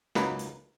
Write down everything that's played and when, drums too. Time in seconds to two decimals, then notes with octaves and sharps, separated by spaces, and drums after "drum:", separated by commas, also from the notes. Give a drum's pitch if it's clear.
0.15 C#2 C#3 F#3 A#3 D#4 B4, drum: snare
0.39 drum: hi-hat